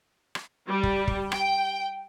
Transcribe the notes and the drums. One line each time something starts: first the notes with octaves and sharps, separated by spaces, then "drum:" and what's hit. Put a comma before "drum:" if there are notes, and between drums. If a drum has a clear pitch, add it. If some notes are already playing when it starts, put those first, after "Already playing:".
drum: rim click
G3
drum: kick
drum: kick
G5, drum: rim click